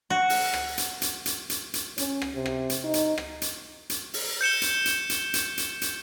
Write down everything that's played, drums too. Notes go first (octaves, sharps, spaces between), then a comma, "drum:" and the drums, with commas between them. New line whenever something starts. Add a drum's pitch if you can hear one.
F#4
drum: open hi-hat
drum: rim click
drum: hi-hat
drum: hi-hat
drum: hi-hat
drum: hi-hat
drum: hi-hat
C#4, drum: hi-hat
drum: rim click
C3
drum: rim click
drum: hi-hat
D#4
drum: hi-hat
drum: rim click
drum: hi-hat
drum: hi-hat
drum: open hi-hat
G6 C#7 E7 G7
drum: hi-hat
drum: hi-hat
drum: hi-hat
drum: hi-hat
drum: hi-hat
drum: hi-hat